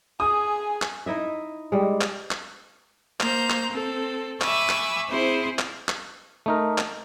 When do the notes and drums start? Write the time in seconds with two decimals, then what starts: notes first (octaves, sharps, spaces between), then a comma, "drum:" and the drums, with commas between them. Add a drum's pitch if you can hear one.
0.20 G#4 G#5 D#6
0.82 drum: clap
1.06 D#4 E4 D#5 E5
1.72 G3 G#3
2.01 drum: clap
2.31 drum: clap
3.20 A#3 C5 A#5 G6, drum: clap
3.50 drum: clap
3.70 C4 A4
4.41 E5 G#5 B5 C#6 D6 E6, drum: clap
4.69 drum: clap
5.09 C4 E4 G#4 C5
5.59 drum: clap
5.89 drum: clap
6.46 A3 D#4 A#4
6.78 drum: clap